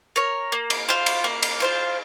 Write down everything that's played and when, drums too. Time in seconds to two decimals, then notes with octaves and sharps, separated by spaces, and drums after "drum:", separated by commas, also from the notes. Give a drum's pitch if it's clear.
0.16 A#4 C#5
0.52 A#3
0.70 drum: cymbal
0.88 F4 C5 F5
1.06 drum: cymbal
1.24 A#3
1.43 drum: cymbal
1.60 F4 C5 F5